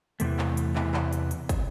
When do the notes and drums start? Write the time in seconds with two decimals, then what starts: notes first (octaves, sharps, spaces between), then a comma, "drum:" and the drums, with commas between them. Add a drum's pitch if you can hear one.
0.20 E2 C3 E3 A3, drum: hi-hat
0.39 drum: clap
0.57 drum: hi-hat
0.76 E2 C3 E3, drum: clap
0.94 drum: clap
1.13 drum: hi-hat
1.31 drum: hi-hat
1.49 drum: kick, hi-hat